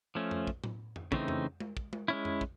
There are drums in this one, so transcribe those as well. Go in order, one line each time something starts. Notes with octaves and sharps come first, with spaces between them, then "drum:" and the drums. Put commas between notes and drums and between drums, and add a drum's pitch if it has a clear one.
F3 A3 C#4
drum: tom F2
drum: kick
drum: tom A2
drum: tom F2
C#3 E3 A3 C4 D#4, drum: kick
drum: tom F2
drum: tom G#3
drum: kick
drum: tom G#3
G#3 C#4 E4
drum: tom F2
drum: kick